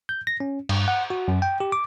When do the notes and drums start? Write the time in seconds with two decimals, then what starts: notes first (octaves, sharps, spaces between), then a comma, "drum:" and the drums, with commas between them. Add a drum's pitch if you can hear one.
0.09 G6
0.27 A#6
0.40 C#4
0.69 G2, drum: cymbal
0.88 F#5
1.10 F#4
1.28 F#2
1.42 G5
1.60 G4
1.72 D6